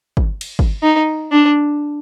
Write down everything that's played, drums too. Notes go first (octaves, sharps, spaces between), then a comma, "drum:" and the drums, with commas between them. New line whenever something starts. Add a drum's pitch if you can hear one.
drum: kick
drum: cymbal
drum: kick
D#4
D4